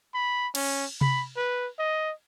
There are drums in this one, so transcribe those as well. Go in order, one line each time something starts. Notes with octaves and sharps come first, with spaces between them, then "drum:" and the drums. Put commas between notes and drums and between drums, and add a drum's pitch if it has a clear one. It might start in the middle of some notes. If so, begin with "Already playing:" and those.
B5
C#4, drum: cymbal
B5, drum: tom C3
B4
D#5